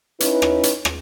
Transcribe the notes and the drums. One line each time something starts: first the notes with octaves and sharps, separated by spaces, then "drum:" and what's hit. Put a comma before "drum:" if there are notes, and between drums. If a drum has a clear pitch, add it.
C#4 D#4 E4 B4, drum: hi-hat
drum: rim click
drum: hi-hat
drum: rim click